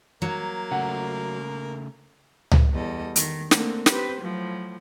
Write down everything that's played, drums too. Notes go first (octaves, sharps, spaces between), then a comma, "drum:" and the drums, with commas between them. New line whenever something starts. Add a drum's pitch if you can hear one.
F#3 A#3
C#3 A3 F#5
drum: tom C#2
E2 G3 A4 D#5
D#3, drum: hi-hat
D3 A3 A#3 C4, drum: snare
C4 G4 B4 C5, drum: snare
A2 F3 F#3